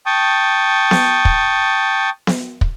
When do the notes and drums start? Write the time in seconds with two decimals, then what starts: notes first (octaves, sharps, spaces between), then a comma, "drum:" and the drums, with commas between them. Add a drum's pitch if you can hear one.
0.06 G5 A5 C#6 D#6
0.91 drum: snare B3
1.25 drum: kick
2.27 drum: snare B3
2.61 drum: kick